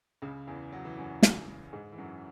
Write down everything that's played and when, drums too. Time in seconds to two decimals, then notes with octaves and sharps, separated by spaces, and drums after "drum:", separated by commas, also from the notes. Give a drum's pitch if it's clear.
0.22 C#2 C#3
0.47 E2 E3
0.72 F#3
0.85 E3
0.97 F#2 F#3
1.23 drum: snare
1.72 G#2 G#3
1.92 E3
1.98 F#2 F#3